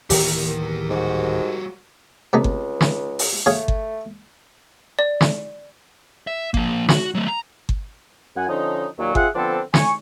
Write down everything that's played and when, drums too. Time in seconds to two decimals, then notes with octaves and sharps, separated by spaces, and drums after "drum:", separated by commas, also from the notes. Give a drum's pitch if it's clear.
0.10 D1 D#3 E3 A#3 B3 G4 A#4, drum: open hi-hat
0.90 G#2 G3 F#4
2.33 C#2 C3 A3 D#4
2.44 drum: kick G1
2.81 drum: snare
3.19 drum: open hi-hat
3.46 A3 G#4 C#5 F5
3.68 drum: kick G1
4.99 D5
5.21 drum: snare
6.27 E5
6.54 F3 A#3, drum: kick G1
6.89 F#4, drum: snare
7.15 F#3 A3
7.28 A#5
7.69 drum: kick G1
8.36 F#2 F#5 G#5
8.49 D3 F3 C#4 D#4
8.98 D#2 A#2 F#3
9.15 C4 F4 G#4 E5 F#5, drum: kick G1
9.35 D3 F3 B3 C4 D4 A4
9.74 G#5 C#6, drum: snare